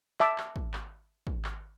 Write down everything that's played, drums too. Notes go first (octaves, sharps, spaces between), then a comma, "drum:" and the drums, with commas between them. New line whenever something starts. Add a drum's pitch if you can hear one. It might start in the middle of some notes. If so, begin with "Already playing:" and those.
E5 A5 D6, drum: clap
drum: clap
drum: kick
drum: clap
drum: kick
drum: clap